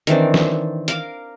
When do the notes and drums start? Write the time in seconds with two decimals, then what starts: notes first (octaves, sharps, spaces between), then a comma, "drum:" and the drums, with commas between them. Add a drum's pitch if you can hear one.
0.07 D#3 E3 C4 D4, drum: hi-hat
0.34 drum: snare
0.88 A#4 F5 D6, drum: hi-hat